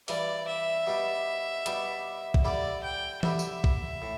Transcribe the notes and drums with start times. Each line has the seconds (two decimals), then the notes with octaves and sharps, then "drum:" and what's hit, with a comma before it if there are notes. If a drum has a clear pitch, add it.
0.08 G2 E3 G3 D5, drum: open hi-hat
0.47 E5
0.87 B2 G3 D4 G4
1.66 B2 G3 D4 G4, drum: hi-hat
2.34 drum: kick B1
2.44 D3 G3 E4 G4 D5
2.84 G5
3.23 D3 G3 E4 G4 E5, drum: tom E3
3.39 drum: tambourine
3.64 drum: kick B1
4.02 A2